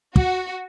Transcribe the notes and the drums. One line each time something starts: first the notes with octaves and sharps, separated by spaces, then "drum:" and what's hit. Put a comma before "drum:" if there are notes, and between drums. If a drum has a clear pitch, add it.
F#4, drum: kick